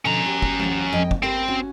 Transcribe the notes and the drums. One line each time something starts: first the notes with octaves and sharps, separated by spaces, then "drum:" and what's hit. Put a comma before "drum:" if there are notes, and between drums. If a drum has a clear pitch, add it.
B2 D3 F3 C#4 A#5
G4
drum: kick
D#2 F3 F#5, drum: tom G#3
F2 D#5 G5
drum: kick
C4 G4 A#4 B4
C#4 F#4